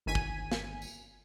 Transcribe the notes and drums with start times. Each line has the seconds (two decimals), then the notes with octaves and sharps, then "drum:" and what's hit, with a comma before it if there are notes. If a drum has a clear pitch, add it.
0.06 G1 D#2 G#5 B6 D#7
0.15 drum: kick
0.52 drum: snare
0.82 drum: tambourine